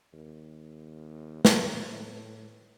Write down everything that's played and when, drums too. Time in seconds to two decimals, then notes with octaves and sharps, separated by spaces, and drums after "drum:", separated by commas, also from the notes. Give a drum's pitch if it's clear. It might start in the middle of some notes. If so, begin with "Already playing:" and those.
0.13 D#2
1.45 A2 D#4 A5, drum: snare